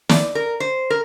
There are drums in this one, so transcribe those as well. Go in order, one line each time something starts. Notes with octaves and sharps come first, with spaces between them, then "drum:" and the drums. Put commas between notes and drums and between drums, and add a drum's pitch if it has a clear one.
D5, drum: snare
A#4
C5
A#4